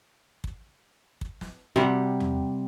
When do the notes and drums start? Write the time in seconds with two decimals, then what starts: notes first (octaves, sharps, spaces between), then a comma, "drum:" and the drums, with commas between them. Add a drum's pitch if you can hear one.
0.44 drum: kick
1.21 drum: kick
1.41 drum: snare
1.76 C3 G3 F#5
2.20 drum: tom E2